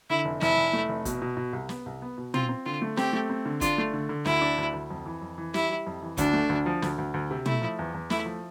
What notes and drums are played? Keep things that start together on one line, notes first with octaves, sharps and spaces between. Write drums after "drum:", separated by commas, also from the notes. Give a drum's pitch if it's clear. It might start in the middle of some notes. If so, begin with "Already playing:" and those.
D3 E4
F1
F1 E4, drum: snare
F1
A3
F1
B2, drum: kick, hi-hat
B2
B2
C2
B3, drum: snare
C2
B3
B2
C4 F4, drum: tom
C4
D3 F4
A3
C4 G4, drum: snare
A3
C4
D3
D4 F4, drum: kick, hi-hat
A3
D3
D3
D2 E4, drum: snare
D4
D2
D2
F2
E3
F2
E3
G3 E4, drum: snare
G3
F2
E3
D2 D4, drum: kick, hi-hat
A3
D2
F3
D2, drum: snare
D2
D2
C3
A3 E4, drum: tom
F3
E2
E2
A3 E4, drum: snare
F3